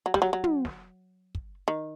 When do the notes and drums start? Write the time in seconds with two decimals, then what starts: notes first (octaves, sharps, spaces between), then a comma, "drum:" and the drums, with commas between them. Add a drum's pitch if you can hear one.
0.06 F#3
0.14 G3, drum: snare
0.22 F#3
0.33 F#3
0.44 drum: tom
0.65 drum: snare
1.35 drum: kick
1.68 D#3